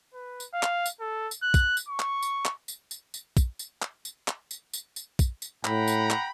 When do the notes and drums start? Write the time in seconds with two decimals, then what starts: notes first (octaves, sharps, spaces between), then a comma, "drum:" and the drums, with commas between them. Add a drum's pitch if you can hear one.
0.14 B4
0.40 drum: tambourine
0.54 F5
0.63 drum: clap
0.86 drum: tambourine
1.00 A4
1.31 drum: tambourine
1.43 F#6
1.54 drum: kick, tambourine
1.77 drum: tambourine
1.88 C#6
2.00 drum: clap
2.23 drum: tambourine
2.45 drum: clap
2.68 drum: tambourine
2.91 drum: tambourine
3.14 drum: tambourine
3.37 drum: kick, tambourine
3.59 drum: tambourine
3.82 drum: clap
4.05 drum: tambourine
4.28 drum: clap
4.51 drum: tambourine
4.73 drum: tambourine
4.96 drum: tambourine
5.19 drum: kick, tambourine
5.42 drum: tambourine
5.65 A2 F#5 G5 A#5 B5, drum: clap
5.88 drum: tambourine
6.10 drum: clap